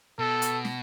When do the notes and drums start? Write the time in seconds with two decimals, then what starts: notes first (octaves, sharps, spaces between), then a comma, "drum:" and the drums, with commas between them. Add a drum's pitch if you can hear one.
0.19 B2 A4
0.42 drum: hi-hat
0.65 drum: snare